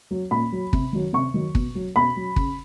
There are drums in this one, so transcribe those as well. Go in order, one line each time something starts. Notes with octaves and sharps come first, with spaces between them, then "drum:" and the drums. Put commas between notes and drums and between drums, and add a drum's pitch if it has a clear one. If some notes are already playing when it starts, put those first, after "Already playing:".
F#3
A#2 B5
F#3
C3, drum: kick
D#3 F#3
C3 C#6
D#3 F#3
B2, drum: kick
F#3
B2 B5
F#3
C#3, drum: kick